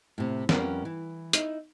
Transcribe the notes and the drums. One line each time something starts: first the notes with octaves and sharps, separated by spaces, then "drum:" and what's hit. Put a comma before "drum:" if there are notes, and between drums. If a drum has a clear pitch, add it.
A2 C3
F2 G3 C#4 A#4 B4 F#5, drum: snare
E3
D#4 E4, drum: hi-hat